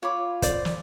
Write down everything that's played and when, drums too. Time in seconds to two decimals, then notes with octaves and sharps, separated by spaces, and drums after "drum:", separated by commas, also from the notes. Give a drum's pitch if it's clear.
0.03 F4 C#5 B5 D6
0.42 C5 D5, drum: kick, hi-hat
0.65 drum: snare